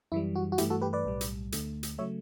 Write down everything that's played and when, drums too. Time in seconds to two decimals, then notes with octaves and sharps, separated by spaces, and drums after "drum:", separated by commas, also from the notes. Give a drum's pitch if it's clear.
0.12 F#2 E3 G3 E4
0.35 F#4
0.52 F#4
0.58 G2 E3 A3 E4 G4, drum: hi-hat
0.70 F#4 A4
0.81 G4 B4
0.93 B4 D5
1.05 B1 A2 G3
1.21 drum: hi-hat
1.52 D2 D3 A3, drum: hi-hat
1.83 drum: hi-hat
1.98 C#3 F#3 A3 C#5 E5